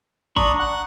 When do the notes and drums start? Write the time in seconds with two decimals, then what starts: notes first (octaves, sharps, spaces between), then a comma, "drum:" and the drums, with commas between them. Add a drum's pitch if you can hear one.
0.36 D4 A#5 B5 C#6 D#6, drum: kick G#1
0.60 F#5 F#6